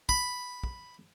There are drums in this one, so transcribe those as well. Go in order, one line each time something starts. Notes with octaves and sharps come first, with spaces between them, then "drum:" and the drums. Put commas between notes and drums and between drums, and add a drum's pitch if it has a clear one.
B5, drum: kick
drum: kick